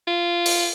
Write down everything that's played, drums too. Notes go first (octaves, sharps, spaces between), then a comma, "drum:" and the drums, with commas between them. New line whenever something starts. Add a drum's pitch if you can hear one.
F4
drum: open hi-hat